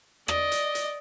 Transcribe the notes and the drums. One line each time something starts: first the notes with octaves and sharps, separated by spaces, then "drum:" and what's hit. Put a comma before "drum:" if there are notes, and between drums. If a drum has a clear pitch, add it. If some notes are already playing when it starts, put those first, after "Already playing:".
D5 D#5, drum: rim click
drum: hi-hat
drum: hi-hat